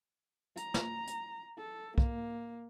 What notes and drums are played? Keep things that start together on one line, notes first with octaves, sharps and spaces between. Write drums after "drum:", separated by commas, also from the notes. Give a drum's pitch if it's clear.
A#5, drum: hi-hat
drum: snare
drum: hi-hat
A4
A#3, drum: kick